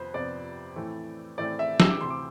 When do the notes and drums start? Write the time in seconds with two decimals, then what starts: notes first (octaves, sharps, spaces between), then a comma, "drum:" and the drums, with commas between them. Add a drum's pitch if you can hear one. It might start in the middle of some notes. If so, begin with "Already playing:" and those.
Already playing: F2 C3 F3 B3 B4 C5
0.14 F2 C3 F3 B3 D5
0.76 A2 E3 A3 C4
1.38 A2 E3 A3 C4 D5
1.59 E5
1.80 E6, drum: snare
1.90 D6
2.01 D2 C3 E3 C6
2.10 D6